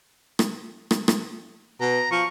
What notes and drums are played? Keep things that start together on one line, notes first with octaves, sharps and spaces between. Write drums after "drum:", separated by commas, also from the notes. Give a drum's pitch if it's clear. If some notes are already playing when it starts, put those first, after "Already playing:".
drum: rim click
drum: rim click
drum: rim click
B2 A#5
F3 C#6